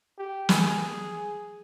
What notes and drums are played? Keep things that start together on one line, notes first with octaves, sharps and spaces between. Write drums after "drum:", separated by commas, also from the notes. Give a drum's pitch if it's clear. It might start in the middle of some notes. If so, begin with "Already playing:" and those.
G4
G#4, drum: snare